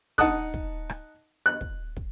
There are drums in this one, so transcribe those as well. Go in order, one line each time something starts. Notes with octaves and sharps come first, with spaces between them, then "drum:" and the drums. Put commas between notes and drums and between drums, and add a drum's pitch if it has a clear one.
D#4 F#5 A5 D#6 F#6, drum: kick
drum: kick
drum: rim click
F#6
drum: kick
drum: kick